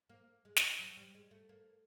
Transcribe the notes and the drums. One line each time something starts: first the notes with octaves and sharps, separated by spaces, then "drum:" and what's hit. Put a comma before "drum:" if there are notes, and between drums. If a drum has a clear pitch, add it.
A#3
G#3
drum: snare
F#3
G3
G#3
A3
A#3